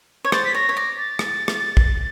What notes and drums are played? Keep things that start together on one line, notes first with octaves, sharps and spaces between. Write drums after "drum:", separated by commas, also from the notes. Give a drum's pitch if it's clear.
C#5 G#6
C5 A6, drum: rim click
B6
C#5 A#6
C#5
D5 A#6
A6
drum: rim click
drum: rim click
drum: kick